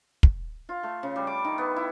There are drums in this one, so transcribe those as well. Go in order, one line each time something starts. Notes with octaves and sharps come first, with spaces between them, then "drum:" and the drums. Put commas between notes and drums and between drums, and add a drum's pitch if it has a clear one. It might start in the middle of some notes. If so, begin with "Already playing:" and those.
drum: kick
F4
A3
C#3
G3
D6
D#3
B3
E4